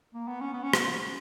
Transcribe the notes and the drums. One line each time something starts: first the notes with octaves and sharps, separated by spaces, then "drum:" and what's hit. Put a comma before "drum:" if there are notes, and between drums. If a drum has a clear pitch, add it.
A#3
B3
C#4
B3
C#4
drum: rim click